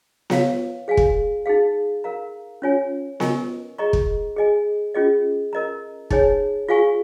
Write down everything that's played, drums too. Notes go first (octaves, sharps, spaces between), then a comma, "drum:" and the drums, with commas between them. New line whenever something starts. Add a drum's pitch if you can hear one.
F4 C#5 F5, drum: snare B3
G#4 F5 G#5
drum: kick
D#4 G#4 F5
A#4 F5 A#5
C#4 F4 C#5 G#5
F4 A#4 D#5 G#5 C#6, drum: snare B3
G#4 D#5 A#5 C#6
drum: kick
G#4 D#5 G#5
C#4 F4 G#4 D#5
A#4 D#5 A#5
D#4 G#4 C#5 G#5, drum: kick
F4 G#4 F5 G#5 C#6